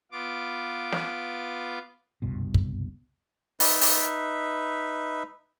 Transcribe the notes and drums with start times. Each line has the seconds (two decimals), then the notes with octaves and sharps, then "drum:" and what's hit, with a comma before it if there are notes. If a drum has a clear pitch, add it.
0.12 B3 F4 D6
0.92 drum: snare
2.22 F#1 C2 G2 B2
2.54 drum: kick
3.60 D#4 B4 E5, drum: open hi-hat
3.81 drum: open hi-hat